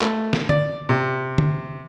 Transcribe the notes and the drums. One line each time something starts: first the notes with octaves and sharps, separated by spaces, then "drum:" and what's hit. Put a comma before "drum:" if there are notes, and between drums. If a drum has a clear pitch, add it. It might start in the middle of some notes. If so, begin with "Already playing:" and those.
A3, drum: clap
drum: snare
D5, drum: tom D3
C3
drum: tom D3